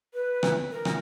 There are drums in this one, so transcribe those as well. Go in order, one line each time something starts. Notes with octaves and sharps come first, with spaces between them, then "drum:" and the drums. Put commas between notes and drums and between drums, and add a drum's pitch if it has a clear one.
B4
drum: rim click
A#4
drum: rim click